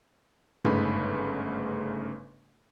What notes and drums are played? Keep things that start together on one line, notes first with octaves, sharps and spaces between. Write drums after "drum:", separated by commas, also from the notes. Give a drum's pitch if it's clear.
G1 G#2 C#3 A3 B4 B5, drum: tom G2